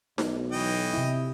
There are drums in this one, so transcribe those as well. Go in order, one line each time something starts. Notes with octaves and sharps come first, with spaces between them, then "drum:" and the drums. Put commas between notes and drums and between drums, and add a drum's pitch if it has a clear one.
B1, drum: snare D#4
E3 D#5 G5
C3 E4